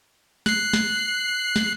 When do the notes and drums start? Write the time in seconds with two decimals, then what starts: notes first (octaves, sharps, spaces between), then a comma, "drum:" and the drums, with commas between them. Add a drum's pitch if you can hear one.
0.46 F#6 C7, drum: snare
0.73 drum: snare
1.56 drum: snare